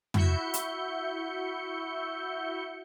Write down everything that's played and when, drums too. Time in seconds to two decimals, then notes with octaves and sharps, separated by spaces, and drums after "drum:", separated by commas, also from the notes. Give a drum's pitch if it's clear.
0.14 E4 F#4 E5 G6 C#7, drum: tom
0.54 drum: hi-hat